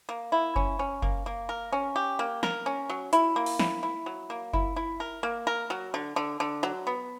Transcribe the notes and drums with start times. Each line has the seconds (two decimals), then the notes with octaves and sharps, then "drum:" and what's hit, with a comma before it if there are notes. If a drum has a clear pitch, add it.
0.09 A#3
0.32 E4
0.56 C#4, drum: kick F#1
0.79 C#4
1.02 A#3, drum: kick F#1
1.26 A#3
1.49 A#4
1.72 C#4
1.96 G4
2.19 A#3
2.43 A#4, drum: snare
2.66 C#4
2.89 F#3
3.13 E4, drum: hi-hat
3.36 A#3
3.46 drum: open hi-hat
3.59 E4, drum: snare
3.83 E4
4.06 F#3
4.30 A#3
4.53 E4, drum: kick F#1
4.76 E4
5.00 A#4
5.23 A#3
5.47 A#4
5.70 F#3
5.94 D3
6.16 D3
6.40 D3
6.63 F#3
6.87 B3